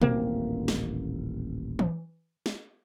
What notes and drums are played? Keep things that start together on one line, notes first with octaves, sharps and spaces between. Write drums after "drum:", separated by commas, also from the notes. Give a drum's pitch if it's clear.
D#1 A1 A#3 C4, drum: tom B2
drum: snare
drum: tom E3
drum: snare